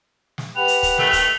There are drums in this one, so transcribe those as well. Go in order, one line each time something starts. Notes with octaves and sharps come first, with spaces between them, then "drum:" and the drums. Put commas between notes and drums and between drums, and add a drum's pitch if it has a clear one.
drum: snare
G4 B4 F#5 F7
drum: hi-hat
drum: kick, hi-hat
D#3 A3, drum: snare
drum: kick, hi-hat